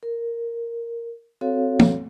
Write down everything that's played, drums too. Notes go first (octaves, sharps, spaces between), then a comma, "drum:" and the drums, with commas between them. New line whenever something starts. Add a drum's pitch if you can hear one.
A#4
C4 F#4 A4 C#5 F5
drum: tom